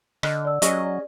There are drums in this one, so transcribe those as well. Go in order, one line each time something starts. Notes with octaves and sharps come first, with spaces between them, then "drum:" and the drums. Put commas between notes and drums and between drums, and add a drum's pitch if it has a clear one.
D3 D#5 F6 F#6, drum: rim click
D5 E6
F#3 C#4 G#4 D#5, drum: hi-hat
D5